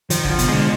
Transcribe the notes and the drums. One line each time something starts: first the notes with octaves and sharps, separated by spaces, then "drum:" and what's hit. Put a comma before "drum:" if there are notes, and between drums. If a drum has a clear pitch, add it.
D#3 F3, drum: hi-hat
D3, drum: kick
F3
B2, drum: hi-hat
D3 G#3